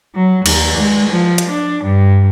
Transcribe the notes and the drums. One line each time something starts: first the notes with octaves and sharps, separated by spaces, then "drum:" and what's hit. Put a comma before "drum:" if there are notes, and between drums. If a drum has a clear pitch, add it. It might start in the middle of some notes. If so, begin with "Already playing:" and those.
F#3
D#2, drum: cymbal
G#3
F3
drum: hi-hat
D4
G2